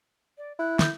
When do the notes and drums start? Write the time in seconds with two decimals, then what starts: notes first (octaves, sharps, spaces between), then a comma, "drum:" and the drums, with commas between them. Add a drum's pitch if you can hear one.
0.38 D5
0.59 E4 F#6
0.79 G6, drum: snare